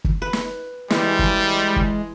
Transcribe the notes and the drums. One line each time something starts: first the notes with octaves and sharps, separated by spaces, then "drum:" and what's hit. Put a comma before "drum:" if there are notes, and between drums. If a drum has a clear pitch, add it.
drum: kick
B4
drum: snare
E3 G3 G#3, drum: snare
drum: kick
drum: kick